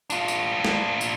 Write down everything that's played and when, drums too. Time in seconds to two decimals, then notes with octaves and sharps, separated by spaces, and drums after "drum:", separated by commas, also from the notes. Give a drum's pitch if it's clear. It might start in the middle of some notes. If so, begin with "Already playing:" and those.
0.10 D4 F4, drum: tambourine
0.28 drum: tambourine
0.65 drum: snare
1.01 drum: tambourine